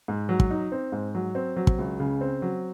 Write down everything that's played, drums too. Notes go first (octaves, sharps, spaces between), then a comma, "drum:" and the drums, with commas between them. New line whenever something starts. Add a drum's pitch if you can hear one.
G#2
F#3
drum: kick
D#4
C4
G#2
F#3
C4
F#3
drum: kick
C#2
C#3
C4
F#3